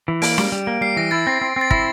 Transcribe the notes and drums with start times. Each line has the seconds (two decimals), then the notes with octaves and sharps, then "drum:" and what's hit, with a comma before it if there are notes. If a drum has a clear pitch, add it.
0.08 E3
0.22 A#3 D7, drum: open hi-hat
0.38 G3, drum: snare
0.52 G3
0.67 A#3
0.81 G3 C7
0.97 E3 A#6
1.11 E4 A6
1.27 C4
1.41 C4
1.56 C4 A6
1.71 E4 A#6, drum: kick